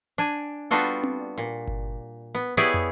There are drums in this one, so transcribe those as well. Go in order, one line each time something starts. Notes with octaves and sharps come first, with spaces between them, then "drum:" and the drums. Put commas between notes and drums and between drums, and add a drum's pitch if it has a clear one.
D4 G#5
G3 B3 D4 F4 F#4 A4
drum: tom C4
A#2
drum: kick G1
B3
B3 E4 G4 G#4 C#5 D5
drum: tom